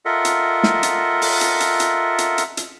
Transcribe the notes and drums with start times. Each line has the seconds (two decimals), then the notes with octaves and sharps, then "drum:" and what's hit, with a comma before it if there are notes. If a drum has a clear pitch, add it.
0.05 F4 A4 A#4 D#5 E5 F#5
0.25 drum: hi-hat
0.63 drum: snare
0.83 drum: hi-hat
1.22 drum: open hi-hat
1.41 drum: hi-hat
1.60 drum: hi-hat
1.80 drum: hi-hat
2.18 drum: hi-hat
2.38 drum: hi-hat
2.57 drum: hi-hat